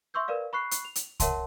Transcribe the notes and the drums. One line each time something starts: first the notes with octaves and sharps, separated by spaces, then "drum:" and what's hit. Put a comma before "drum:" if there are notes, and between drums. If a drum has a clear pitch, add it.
E5 C6 C#6 E6 G6
A#4 B4 D5 F5
B5 C#6 F#6 C7
drum: hi-hat
F7
drum: hi-hat
A#4 C#5 E5 F#5 A5 C6, drum: kick C2, hi-hat